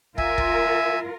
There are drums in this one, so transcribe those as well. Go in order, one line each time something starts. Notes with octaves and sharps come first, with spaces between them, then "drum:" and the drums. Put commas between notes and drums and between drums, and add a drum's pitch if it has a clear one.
F4 A#4 E5 G#5, drum: kick
drum: kick